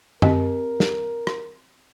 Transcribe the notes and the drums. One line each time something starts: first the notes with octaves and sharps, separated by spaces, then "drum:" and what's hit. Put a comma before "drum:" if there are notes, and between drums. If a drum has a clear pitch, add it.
C4 G4 A#4 D#5, drum: tom F#2
drum: snare
drum: rim click